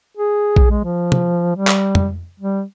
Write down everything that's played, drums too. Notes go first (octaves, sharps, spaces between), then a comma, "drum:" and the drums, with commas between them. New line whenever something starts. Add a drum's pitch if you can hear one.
G#4
drum: kick A#1
G#3
F3
drum: tom
G3
drum: clap
drum: tom
G3